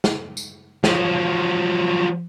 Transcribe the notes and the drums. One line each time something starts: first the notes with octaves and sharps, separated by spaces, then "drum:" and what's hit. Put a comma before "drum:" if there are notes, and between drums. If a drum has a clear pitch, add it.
drum: snare
drum: tambourine
F3 F#3, drum: snare